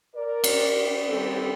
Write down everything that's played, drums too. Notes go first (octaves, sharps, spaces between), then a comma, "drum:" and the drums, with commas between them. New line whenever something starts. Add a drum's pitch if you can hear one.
A#4 D5
drum: cymbal
D#3 G3 C4 A4